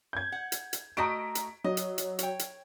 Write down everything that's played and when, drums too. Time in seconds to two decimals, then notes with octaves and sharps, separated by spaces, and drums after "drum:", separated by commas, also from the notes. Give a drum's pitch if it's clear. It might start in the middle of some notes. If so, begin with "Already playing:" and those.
0.13 G6 G#6
0.32 F#5
0.52 drum: hi-hat
0.73 drum: hi-hat
0.97 A3 F#4 D#5 A#5 B6 D7
1.35 drum: hi-hat
1.64 F#3 D#5
1.77 drum: hi-hat
1.98 drum: hi-hat
2.19 C#5 G5, drum: hi-hat
2.39 drum: hi-hat